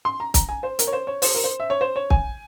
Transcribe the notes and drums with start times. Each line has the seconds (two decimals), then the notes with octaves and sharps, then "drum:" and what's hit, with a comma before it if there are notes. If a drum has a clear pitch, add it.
0.05 C6
0.20 A#5
0.34 A#5, drum: kick, hi-hat
0.49 G#5
0.63 C5
0.79 A#4, drum: hi-hat
0.87 C#5
0.93 C5
1.07 C#5
1.22 C5, drum: open hi-hat
1.35 A#4
1.44 C5
1.60 E5
1.70 C#5
1.81 C5
1.96 C#5
2.10 G#5, drum: kick